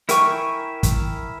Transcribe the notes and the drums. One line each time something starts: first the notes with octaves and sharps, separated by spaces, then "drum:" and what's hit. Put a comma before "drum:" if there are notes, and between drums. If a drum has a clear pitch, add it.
E4 A#4 G5 G#5 C#6, drum: hi-hat
drum: kick, hi-hat